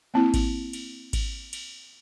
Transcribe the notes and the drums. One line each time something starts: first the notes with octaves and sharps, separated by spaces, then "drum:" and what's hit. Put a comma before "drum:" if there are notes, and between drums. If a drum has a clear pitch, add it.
A#3 C4 E4
drum: kick G#1, cymbal
drum: cymbal
drum: kick G#1, cymbal
drum: cymbal